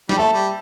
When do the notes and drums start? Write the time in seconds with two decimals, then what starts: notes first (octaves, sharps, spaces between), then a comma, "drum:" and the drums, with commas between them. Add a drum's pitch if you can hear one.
0.09 G3, drum: snare
0.18 A3 E5 A5
0.33 G3